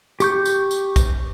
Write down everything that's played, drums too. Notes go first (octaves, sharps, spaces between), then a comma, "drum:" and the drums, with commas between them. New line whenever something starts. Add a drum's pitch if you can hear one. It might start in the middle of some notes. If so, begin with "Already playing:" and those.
G4 C#6 G6, drum: tambourine
drum: tambourine
drum: tambourine
drum: kick, tambourine